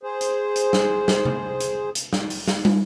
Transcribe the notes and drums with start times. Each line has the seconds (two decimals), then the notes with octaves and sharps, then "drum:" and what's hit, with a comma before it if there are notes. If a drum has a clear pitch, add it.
0.03 G#4 C5
0.21 drum: hi-hat
0.56 drum: hi-hat
0.73 drum: snare
1.08 drum: snare
1.25 drum: tom C3
1.60 drum: hi-hat
1.95 drum: hi-hat
2.13 drum: snare
2.30 drum: open hi-hat
2.47 drum: snare
2.65 drum: tom